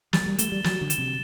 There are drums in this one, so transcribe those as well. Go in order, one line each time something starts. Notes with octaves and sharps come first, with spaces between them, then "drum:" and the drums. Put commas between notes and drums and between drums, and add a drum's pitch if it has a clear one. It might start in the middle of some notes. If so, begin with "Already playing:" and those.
G3 A6, drum: snare
F#3
G3
A3 E7 G7, drum: hi-hat
G3
F#3 A6, drum: snare
D3
E7 G7, drum: hi-hat
C3